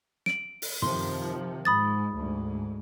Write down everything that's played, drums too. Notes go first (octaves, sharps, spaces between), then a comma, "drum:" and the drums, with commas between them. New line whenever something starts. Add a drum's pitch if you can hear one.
D7 F#7, drum: snare
drum: open hi-hat
C3 D#3 F3 C6, drum: tom
G#2 B5 D#6 A6
D2 G#2